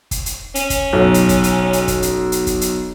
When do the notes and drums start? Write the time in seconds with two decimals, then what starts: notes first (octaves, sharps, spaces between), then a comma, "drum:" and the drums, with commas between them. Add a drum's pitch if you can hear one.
0.11 drum: kick, hi-hat
0.26 drum: hi-hat
0.55 C#4, drum: hi-hat
0.70 drum: kick, hi-hat
0.93 B1
1.14 drum: hi-hat
1.29 drum: kick, hi-hat
1.44 drum: hi-hat
1.73 drum: hi-hat
1.88 drum: kick, hi-hat
2.02 drum: hi-hat
2.32 drum: hi-hat
2.47 drum: kick, hi-hat
2.61 drum: hi-hat